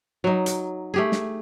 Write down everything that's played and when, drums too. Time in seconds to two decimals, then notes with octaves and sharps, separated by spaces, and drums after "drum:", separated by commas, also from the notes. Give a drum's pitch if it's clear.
0.24 F#3 D#4
0.46 drum: hi-hat
0.94 A3 G4 G#4
1.12 drum: snare